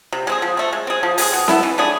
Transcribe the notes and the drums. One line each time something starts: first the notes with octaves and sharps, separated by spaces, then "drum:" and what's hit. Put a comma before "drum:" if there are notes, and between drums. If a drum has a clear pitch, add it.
C3
G#3 C4 G#4
F3
A3 C4
G#3
C4 G#4
F3
G#3 C4 G#4, drum: open hi-hat
B2
B3 E4 A4, drum: snare C4
E3
A3 D4 G#4